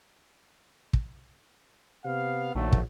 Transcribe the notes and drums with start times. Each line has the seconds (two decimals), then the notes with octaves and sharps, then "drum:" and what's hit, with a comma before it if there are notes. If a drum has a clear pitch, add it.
0.93 drum: kick
2.05 C3 B3 F5
2.55 A#1 D#3 F#3 A3
2.72 drum: kick